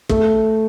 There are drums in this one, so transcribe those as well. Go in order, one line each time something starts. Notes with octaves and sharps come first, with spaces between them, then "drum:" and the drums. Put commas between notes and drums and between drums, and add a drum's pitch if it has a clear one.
A3, drum: kick